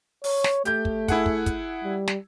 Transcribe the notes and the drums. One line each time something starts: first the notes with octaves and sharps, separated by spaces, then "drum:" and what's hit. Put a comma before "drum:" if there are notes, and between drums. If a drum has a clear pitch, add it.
C#5, drum: open hi-hat
drum: snare
A3 G4 G6, drum: hi-hat
drum: kick
E4 G#4 F#5, drum: kick, hi-hat
drum: kick
drum: kick, hi-hat
G3
drum: snare